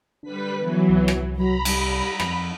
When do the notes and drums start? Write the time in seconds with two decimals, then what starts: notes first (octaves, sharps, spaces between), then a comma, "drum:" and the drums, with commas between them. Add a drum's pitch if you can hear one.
0.23 D3 G3 B4 B6
0.60 E3 F#3 B3
0.89 C2
1.08 drum: rim click
1.36 F#3 A#5 B5
1.65 G3, drum: cymbal
2.20 F2, drum: rim click